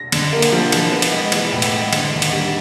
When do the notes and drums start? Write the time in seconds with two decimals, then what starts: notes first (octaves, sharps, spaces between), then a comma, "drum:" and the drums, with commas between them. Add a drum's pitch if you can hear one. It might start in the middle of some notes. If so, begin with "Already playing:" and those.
Already playing: A#6
0.12 D3, drum: cymbal
0.32 A#3
0.42 drum: cymbal
0.52 F3
0.72 E3, drum: cymbal
0.92 B3
1.02 drum: cymbal
1.12 G#3
1.32 E3, drum: cymbal
1.52 A2
1.62 drum: cymbal
1.72 G#3
1.93 D3, drum: cymbal
2.13 D#2
2.22 drum: cymbal
2.32 G3